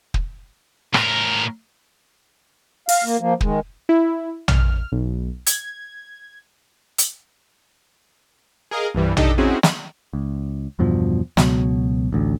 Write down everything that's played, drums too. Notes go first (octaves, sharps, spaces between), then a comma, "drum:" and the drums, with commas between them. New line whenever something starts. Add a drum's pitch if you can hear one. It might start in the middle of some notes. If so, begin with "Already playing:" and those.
drum: kick
A2 A#4, drum: rim click
F5, drum: open hi-hat
A#3
F3 A#3
D#3 G#3, drum: kick
E4
F6, drum: tom A#1
B1
G#6, drum: hi-hat
drum: hi-hat
G#4 A#4 D#5 F5
C2 G2 E3 G3
D4 D#4 G4 A4 D#5, drum: tom A#1
C4 C#4 D#4 E4 F#4 G#4
drum: snare
C#2
E2 G2 B2 F3
C#2 B2 F#3, drum: snare
A1 D2